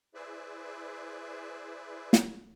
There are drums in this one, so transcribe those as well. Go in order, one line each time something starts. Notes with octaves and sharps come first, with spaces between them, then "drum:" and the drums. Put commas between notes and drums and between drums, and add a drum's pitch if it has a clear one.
E4 G#4 B4 C5 D5 E5
drum: snare